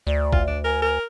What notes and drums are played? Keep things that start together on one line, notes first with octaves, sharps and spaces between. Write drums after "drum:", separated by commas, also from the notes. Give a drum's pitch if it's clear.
D2 D5
F4, drum: kick G#1
D4
A#4 G#5
A#4